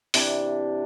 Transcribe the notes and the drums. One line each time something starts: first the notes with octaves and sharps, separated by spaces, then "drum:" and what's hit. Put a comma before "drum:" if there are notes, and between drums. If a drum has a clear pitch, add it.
C3 E3 D4, drum: open hi-hat